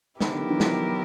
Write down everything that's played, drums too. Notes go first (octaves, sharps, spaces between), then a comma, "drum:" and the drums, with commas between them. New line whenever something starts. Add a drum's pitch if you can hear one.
D#3 F#3 B3 E4 G4 A#4, drum: snare
D3
D#3
D3 E3
D#3 F3, drum: snare